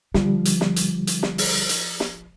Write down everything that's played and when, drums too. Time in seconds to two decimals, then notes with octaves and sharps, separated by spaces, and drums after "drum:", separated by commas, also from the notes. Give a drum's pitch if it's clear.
0.14 D3 F3 G3, drum: snare
0.45 drum: hi-hat
0.61 drum: snare
0.76 drum: hi-hat
1.07 drum: hi-hat
1.23 drum: snare
1.38 drum: open hi-hat
1.69 drum: hi-hat
2.00 drum: snare